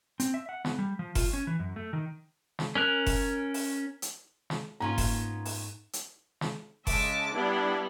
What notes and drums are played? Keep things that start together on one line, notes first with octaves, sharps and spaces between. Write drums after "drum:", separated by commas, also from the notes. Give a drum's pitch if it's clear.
C4, drum: hi-hat
E5
F#5
B3, drum: snare
G3
F3
F4, drum: kick F#1, open hi-hat
C#4
E3
F#2
A3
D#3
drum: snare
C#4 A#4 F#6
drum: kick F#1, open hi-hat
drum: open hi-hat
drum: hi-hat
drum: snare
G#2 A#3 B3 C#4 F4 A#5 C#6
drum: kick F#1, open hi-hat
drum: open hi-hat
drum: hi-hat
drum: snare
C#3 G#3 E5 A5 D6, drum: kick F#1, open hi-hat
G3 B3 D4 E4